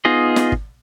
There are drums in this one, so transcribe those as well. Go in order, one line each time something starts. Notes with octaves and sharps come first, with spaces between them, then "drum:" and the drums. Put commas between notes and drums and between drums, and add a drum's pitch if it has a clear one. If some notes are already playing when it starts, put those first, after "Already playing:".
B3 D#4 F4 G#4 D#5
drum: snare
drum: kick